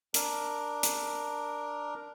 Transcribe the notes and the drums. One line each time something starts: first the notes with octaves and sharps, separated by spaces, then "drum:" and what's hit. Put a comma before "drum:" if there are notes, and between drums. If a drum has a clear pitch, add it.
D4 A#4, drum: hi-hat
drum: hi-hat